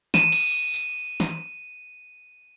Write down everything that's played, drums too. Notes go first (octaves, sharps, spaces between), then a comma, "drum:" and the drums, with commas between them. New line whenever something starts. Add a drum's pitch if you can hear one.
D#7 E7, drum: snare
drum: cymbal
drum: tambourine
drum: snare